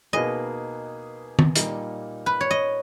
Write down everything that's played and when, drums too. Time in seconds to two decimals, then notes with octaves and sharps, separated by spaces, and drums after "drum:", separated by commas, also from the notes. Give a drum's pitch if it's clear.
0.13 B2 A#3 D#4 G#4 B4 D#5
1.39 drum: tom D#3
1.56 A#2 G3 A#3 D#4, drum: hi-hat
2.26 B4
2.41 C#5
2.51 D#5